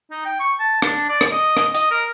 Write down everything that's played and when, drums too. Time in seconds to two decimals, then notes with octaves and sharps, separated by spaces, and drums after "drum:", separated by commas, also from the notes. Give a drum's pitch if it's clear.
0.11 D#4
0.25 G5
0.40 C#6
0.60 A5
0.82 D4, drum: rim click
1.09 D5
1.21 drum: rim click
1.31 D#5
1.57 drum: rim click
1.74 D#5, drum: hi-hat
1.91 A#4